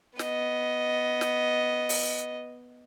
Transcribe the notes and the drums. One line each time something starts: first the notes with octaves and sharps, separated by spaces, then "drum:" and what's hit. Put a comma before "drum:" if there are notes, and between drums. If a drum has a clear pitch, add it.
B3 D#5, drum: snare
drum: snare
drum: open hi-hat